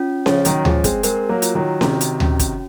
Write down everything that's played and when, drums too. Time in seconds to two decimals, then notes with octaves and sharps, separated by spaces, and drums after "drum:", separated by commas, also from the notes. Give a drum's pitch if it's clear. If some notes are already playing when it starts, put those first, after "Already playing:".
Already playing: C#4 F4
0.26 C#3 F3 C#5, drum: snare C#4
0.45 D#3 F#3, drum: hi-hat
0.65 F3 G#3 G#4, drum: tom D2
0.84 G#3 C4, drum: kick, hi-hat
1.03 G#3 C4 A#4, drum: hi-hat
1.29 F#3 A#3
1.42 F4, drum: hi-hat
1.55 D#3 F#3
1.81 C3 D#3 F#4, drum: snare C#4
2.01 drum: hi-hat
2.20 C#4, drum: tom D2
2.40 drum: kick, hi-hat